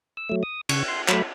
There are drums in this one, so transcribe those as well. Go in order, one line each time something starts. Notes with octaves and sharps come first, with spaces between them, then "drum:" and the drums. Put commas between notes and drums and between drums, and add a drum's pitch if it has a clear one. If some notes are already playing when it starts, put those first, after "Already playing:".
E6
F#3 A3
D#6
C#3 C#6, drum: cymbal
C6
F#3 A3 B5, drum: clap